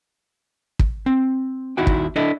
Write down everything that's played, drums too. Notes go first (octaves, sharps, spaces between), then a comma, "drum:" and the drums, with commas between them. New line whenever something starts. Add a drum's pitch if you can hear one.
drum: kick
C4
D#2 D#4 E4 F#4 G5
drum: kick
D4 E4 A4 D5 D#5